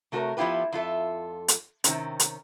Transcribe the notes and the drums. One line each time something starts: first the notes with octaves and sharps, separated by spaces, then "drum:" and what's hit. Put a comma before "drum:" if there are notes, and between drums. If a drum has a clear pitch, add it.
C3 A3 F#4 G4 A#4 C#5
F3 B3 E4 F4 G4 B4
F2 F4 A4 E5
drum: hi-hat
C3 D#3 C4 C#4, drum: hi-hat
drum: hi-hat